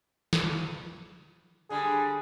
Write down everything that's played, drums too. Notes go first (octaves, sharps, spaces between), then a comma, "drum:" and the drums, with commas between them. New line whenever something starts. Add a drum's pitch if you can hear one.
drum: snare
D3 G3 G#4